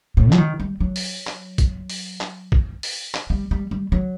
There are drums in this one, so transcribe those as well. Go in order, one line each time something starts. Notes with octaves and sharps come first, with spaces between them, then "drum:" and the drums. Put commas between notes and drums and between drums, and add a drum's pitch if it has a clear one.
A2
F#3, drum: clap
D#3
G3
F#3
drum: open hi-hat
drum: clap
drum: kick, hi-hat
drum: open hi-hat
drum: clap
drum: kick
drum: open hi-hat
drum: clap
G3
G3
G3
F#3